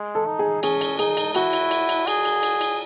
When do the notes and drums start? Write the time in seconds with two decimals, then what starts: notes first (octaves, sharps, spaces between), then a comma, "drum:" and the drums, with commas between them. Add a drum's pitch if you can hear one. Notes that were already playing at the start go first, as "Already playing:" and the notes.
Already playing: G#3
0.15 A4
0.27 D#4
0.39 G#4
0.63 C#4 G#4, drum: cymbal
0.81 drum: cymbal
0.99 D#4 G#4, drum: cymbal
1.17 drum: cymbal
1.35 E4 F#4, drum: cymbal
1.53 drum: cymbal
1.71 drum: cymbal
1.89 drum: cymbal
2.07 G#4, drum: cymbal
2.25 drum: cymbal
2.43 drum: cymbal
2.61 drum: cymbal